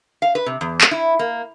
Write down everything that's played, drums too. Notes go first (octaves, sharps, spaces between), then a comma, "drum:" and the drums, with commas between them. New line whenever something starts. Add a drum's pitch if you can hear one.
F5
B4
C3
E2
drum: clap
E4
A#3